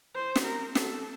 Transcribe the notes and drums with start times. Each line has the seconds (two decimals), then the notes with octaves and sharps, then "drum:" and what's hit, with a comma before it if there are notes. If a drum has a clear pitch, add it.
0.16 C5
0.36 drum: snare
0.45 A#4
0.75 A4, drum: snare